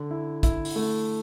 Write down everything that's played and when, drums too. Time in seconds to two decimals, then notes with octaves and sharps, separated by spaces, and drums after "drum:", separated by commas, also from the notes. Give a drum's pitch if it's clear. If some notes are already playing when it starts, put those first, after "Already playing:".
Already playing: D3
0.11 E4
0.43 E4, drum: kick, hi-hat
0.65 drum: open hi-hat
0.76 A3